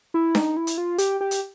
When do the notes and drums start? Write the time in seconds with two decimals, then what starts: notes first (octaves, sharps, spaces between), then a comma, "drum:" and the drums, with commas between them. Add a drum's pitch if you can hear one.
0.14 E4
0.35 D#4, drum: snare D4
0.57 E4
0.67 drum: hi-hat
0.78 F4
0.98 G4, drum: hi-hat
1.21 G4
1.31 drum: hi-hat